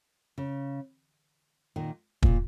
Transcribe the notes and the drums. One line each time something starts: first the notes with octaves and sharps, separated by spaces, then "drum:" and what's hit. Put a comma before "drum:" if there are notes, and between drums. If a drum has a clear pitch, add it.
C#3
A#2 D#3
A#2, drum: kick